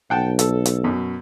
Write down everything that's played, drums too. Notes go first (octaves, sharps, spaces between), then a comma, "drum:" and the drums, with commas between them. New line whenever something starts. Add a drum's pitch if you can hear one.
B1 F#5 G5 A5
A4, drum: hi-hat
drum: hi-hat
F#2 B2